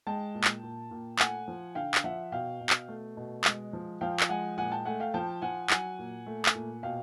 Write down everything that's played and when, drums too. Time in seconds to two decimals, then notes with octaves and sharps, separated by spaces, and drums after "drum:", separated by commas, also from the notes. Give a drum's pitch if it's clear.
0.07 G#3 G5 A5
0.35 A#2
0.44 drum: clap
0.63 A#2
0.91 A#2
1.19 A3 F#5 G#5, drum: clap
1.48 F3
1.75 D3 F5 G5
1.95 drum: clap
2.04 F3 E5 F#5
2.32 B2 F5 G5
2.61 B2
2.70 drum: clap
2.88 A3
3.17 B2
3.44 G#3, drum: clap
3.73 F3
4.01 F3 F5 G5
4.20 drum: clap
4.29 G#3 F#5 G#5
4.58 A#2 F#5 G#5
4.72 G5 A5
4.85 A3 F#5 G#5
5.00 F5 G5
5.14 F3 G5 A5
5.42 F3 F#5 G#5
5.70 F#3 F#5 G#5, drum: clap
5.99 A#2
6.26 A3
6.46 drum: clap
6.55 A#2
6.83 B2 F5 G5